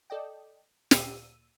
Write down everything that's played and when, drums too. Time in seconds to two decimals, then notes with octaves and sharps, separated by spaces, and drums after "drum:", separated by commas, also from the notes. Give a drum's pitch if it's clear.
0.10 A4 D5 D#5 G5
0.91 D2 A#2 E6 D#7, drum: snare